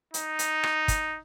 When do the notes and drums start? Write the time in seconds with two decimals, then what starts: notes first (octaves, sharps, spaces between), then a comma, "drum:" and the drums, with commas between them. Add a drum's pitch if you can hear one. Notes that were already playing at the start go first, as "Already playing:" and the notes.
0.14 D#4, drum: hi-hat
0.39 drum: hi-hat
0.63 drum: rim click
0.88 drum: kick, hi-hat